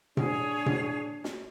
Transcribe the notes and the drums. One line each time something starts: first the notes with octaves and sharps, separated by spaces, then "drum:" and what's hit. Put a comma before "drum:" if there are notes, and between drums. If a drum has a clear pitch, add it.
D4 G#4 C#5, drum: tom A2
drum: tom A2
drum: snare